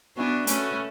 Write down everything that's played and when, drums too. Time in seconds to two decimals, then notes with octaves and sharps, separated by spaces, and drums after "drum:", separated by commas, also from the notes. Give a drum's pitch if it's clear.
0.17 B3 D4 F#4 B4 E5 G#5
0.47 A3 C#4 F#4 B4 E5 G#5, drum: hi-hat